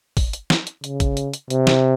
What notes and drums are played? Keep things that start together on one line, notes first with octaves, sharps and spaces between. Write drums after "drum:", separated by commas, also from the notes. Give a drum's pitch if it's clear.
drum: kick, open hi-hat
drum: hi-hat
drum: snare
drum: hi-hat
C#3, drum: hi-hat
drum: kick, hi-hat
drum: hi-hat
drum: hi-hat
C3, drum: hi-hat
drum: snare